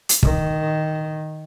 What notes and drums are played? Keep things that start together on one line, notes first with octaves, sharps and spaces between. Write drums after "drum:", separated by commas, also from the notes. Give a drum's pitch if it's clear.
drum: hi-hat
D#3, drum: kick